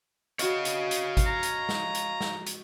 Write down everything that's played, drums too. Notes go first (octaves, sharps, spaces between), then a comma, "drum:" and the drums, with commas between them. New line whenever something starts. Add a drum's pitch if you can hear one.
F#4 C#5 D#5 F5, drum: hi-hat
drum: hi-hat
drum: hi-hat
drum: kick G#1, hi-hat
A#5
drum: hi-hat
drum: snare
drum: hi-hat
drum: snare
drum: hi-hat